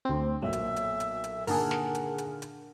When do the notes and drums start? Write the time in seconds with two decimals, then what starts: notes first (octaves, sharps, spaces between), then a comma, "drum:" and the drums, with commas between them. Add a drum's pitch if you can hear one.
0.05 D2 C4
0.42 B1 A#2 F#3 E5
0.53 drum: hi-hat
0.76 drum: hi-hat
1.00 drum: hi-hat
1.24 drum: hi-hat
1.47 A#2 D3 D#3 G#4 A#4 F#5 A5 F6, drum: open hi-hat
1.71 drum: snare
1.95 drum: hi-hat
2.18 drum: hi-hat
2.42 drum: hi-hat